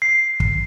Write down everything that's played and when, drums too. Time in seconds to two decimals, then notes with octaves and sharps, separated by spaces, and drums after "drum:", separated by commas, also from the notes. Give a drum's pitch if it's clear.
0.02 C7
0.40 drum: kick